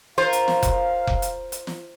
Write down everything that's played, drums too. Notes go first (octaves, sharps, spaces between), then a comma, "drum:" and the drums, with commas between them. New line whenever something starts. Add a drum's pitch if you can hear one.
F4 A#4 C5 F5
drum: hi-hat
drum: snare
drum: kick F1, hi-hat
drum: kick F1
drum: hi-hat
drum: hi-hat
drum: snare